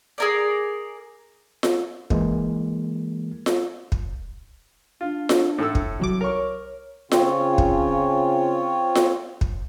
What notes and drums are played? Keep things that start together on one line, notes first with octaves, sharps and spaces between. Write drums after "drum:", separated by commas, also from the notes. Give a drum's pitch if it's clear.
G#4 A#4 D5
drum: snare F4
E3 G#3 A#3, drum: kick
drum: snare F4
drum: kick
D4 F4
drum: snare F4
A2 A4 E6
drum: kick
C2 F#3 D6
A#4 C#5 C#6
C#3 C4 F4 C#5, drum: snare F4
drum: kick
drum: snare F4
drum: kick